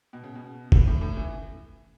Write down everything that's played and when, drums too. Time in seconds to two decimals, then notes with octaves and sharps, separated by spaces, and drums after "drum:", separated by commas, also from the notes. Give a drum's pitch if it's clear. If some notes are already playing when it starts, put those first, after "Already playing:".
0.13 B2
0.23 C#3
0.35 B2
0.72 A2, drum: kick F1
0.87 A2
1.01 A2
1.17 E3